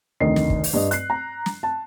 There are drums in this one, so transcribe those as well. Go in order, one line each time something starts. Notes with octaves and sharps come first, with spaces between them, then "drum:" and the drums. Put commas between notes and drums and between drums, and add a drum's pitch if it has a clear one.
F1 D2 D#3 D#5 C7
drum: snare
drum: kick
drum: open hi-hat
G2 D#5
F#6 C7, drum: hi-hat
A#5
drum: snare
A5